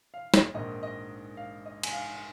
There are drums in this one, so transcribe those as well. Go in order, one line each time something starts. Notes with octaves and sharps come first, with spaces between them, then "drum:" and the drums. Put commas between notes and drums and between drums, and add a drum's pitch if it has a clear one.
F5
D#5, drum: snare
A#1 G#2 D#3 D#5
D#5
F5
D#5
G#5, drum: cymbal
F5